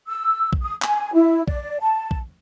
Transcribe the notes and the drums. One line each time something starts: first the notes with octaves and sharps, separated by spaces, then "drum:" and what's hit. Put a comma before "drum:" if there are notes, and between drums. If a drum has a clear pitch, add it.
E6
drum: kick A#1
D#6
G#5, drum: clap
E4
D5, drum: kick A#1
A5
drum: kick A#1